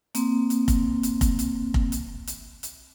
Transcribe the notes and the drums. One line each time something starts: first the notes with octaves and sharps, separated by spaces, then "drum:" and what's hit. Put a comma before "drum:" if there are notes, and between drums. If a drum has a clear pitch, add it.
A#3 C4, drum: hi-hat
drum: hi-hat
drum: kick F1, hi-hat
drum: hi-hat
drum: kick F1, hi-hat
drum: hi-hat
drum: kick F1
drum: hi-hat
drum: hi-hat
drum: hi-hat